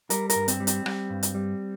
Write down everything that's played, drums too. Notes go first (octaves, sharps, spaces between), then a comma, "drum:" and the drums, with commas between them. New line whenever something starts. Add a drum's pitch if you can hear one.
G3 A#4, drum: hi-hat
A#4, drum: hi-hat
G2
C4, drum: hi-hat
G3
C4, drum: hi-hat
G3, drum: rim click
G2
drum: hi-hat
G3